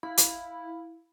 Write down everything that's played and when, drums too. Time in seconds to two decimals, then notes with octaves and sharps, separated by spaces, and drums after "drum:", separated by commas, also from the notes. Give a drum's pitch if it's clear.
0.03 E4 F5
0.17 drum: hi-hat